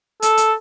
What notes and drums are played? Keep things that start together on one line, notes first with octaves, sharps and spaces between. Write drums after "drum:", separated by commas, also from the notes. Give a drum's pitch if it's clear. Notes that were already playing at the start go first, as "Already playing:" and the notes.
A4, drum: hi-hat
drum: hi-hat